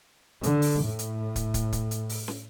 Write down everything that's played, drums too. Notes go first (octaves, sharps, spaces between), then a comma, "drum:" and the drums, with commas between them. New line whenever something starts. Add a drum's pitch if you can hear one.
D3, drum: hi-hat
drum: open hi-hat
A2
drum: hi-hat
drum: kick, hi-hat
drum: kick, hi-hat
drum: kick, hi-hat
drum: hi-hat
drum: open hi-hat
drum: snare